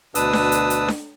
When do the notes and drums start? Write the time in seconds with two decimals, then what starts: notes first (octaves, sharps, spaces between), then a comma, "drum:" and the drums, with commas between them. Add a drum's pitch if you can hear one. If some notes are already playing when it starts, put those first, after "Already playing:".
0.15 D2 B2 D4 B4 D#6 E6, drum: hi-hat
0.33 drum: snare D4
0.52 drum: hi-hat
0.70 drum: hi-hat
0.88 drum: snare D4